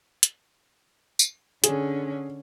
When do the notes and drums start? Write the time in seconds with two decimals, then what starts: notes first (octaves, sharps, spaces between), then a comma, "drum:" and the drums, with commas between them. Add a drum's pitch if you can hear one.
0.23 drum: hi-hat
1.19 drum: tambourine
1.64 D3 C#4 G#4, drum: hi-hat